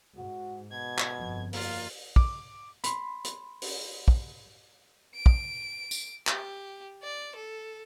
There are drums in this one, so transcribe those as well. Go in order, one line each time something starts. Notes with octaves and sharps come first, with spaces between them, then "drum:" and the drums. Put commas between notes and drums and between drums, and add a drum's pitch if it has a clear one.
G#2 F#4
B2 G#6
drum: clap
G1 F2
A#3 F4, drum: open hi-hat
D6, drum: kick
B5 C6, drum: hi-hat
drum: hi-hat
drum: open hi-hat
drum: kick
D7
drum: kick
drum: tambourine
G4, drum: clap
D5
A4